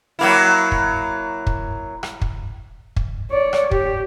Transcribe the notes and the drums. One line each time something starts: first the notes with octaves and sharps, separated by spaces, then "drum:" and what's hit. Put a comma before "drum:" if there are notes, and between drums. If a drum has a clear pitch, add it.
F#3 A#3 E4
drum: kick
drum: kick
drum: rim click
drum: kick
drum: kick
C#5 D5
drum: rim click
G4, drum: kick